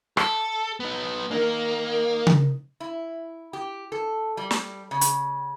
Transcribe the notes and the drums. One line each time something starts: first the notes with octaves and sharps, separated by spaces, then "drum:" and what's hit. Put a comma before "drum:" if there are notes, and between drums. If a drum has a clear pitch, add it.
A4, drum: rim click
B3 D#4
D#3 A#3
drum: tom C#3
E4
G4
A4
G3
drum: snare
C#3
drum: hi-hat